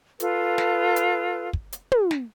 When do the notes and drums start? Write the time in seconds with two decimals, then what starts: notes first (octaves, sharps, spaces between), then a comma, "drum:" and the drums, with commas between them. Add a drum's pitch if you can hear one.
0.20 F4 A4 B4, drum: hi-hat
0.58 drum: snare
0.96 drum: hi-hat
1.53 drum: kick
1.72 drum: hi-hat
1.92 drum: tom
2.11 drum: snare